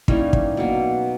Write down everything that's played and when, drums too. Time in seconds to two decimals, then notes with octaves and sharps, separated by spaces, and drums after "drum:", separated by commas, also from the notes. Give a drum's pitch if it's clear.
0.08 E3 G3 A#3 C#4 D#4, drum: kick
0.33 drum: kick
0.57 B2 F#3 A#3